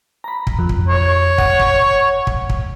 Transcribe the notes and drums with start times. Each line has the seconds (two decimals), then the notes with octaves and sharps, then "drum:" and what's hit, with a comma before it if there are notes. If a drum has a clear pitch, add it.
0.24 A#5 B5
0.47 drum: kick
0.59 F2
0.69 drum: kick
0.88 C#5
1.38 F#5, drum: kick
1.59 drum: kick
2.27 drum: kick
2.50 drum: kick